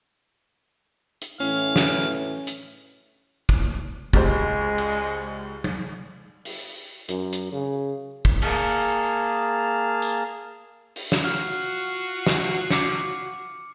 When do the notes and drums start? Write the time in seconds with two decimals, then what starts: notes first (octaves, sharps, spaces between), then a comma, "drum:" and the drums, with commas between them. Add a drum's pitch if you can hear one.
1.22 drum: hi-hat
1.40 A2 E3 C#4 F5
1.76 drum: snare
2.47 drum: hi-hat
3.49 drum: kick
4.13 C#2 G#3 G4 C5, drum: kick
4.78 drum: cymbal
5.64 drum: tom F#3
6.45 drum: open hi-hat
7.09 F#2, drum: hi-hat
7.33 drum: hi-hat
7.52 C#3
8.25 drum: kick
8.42 A#3 G#4 A5 F6, drum: cymbal
10.02 drum: tambourine
10.96 drum: open hi-hat
11.12 drum: snare
11.24 F4 F#4 F6
12.27 drum: snare
12.70 D6 C#7, drum: snare